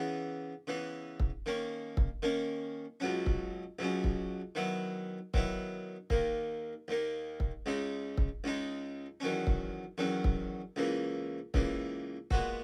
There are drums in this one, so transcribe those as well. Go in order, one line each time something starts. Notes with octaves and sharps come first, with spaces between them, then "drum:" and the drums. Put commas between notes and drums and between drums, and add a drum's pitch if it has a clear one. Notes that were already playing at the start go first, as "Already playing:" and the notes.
Already playing: C#3 E3 B3
C#3 E3 B3
drum: kick
D#3 A#3 C#4
drum: kick
D#3 A#3 C#4
C#2 B2 F#3 C#4
drum: kick
C#2 B2 F#3 C#4
drum: kick
D#3 F#3 B3 E4
D#3 F#3 B3 E4, drum: kick
D#2 D#3 A#3, drum: kick
D#2 D#3 A#3
drum: kick
C#2 C#3 G#3 D#4
drum: kick
C#2 C#3 G#3 D#4
E2 D#3 F#3 C#4
drum: kick
E2 D#3 F#3 C#4
drum: kick
C#2 C#3 E3 A#3
C#2 C#3 E3 A#3, drum: kick
A#2 G#3 B3 F#4, drum: kick